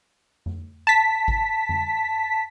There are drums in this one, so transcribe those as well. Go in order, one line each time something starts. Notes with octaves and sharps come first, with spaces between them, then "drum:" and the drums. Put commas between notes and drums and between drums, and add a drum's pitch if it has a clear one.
drum: tom F2
A5 B6
drum: kick G#1
drum: tom F2